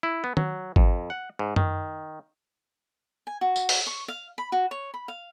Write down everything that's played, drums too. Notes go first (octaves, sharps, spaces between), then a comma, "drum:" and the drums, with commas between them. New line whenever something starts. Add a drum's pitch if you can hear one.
E4
B3
F#3, drum: tom
F2, drum: kick G#1
F#5
G#2
D#3, drum: tom F#2
G#5
F#4
drum: tambourine
drum: open hi-hat
C#6
F5
B5
F#4
C#5
B5
F5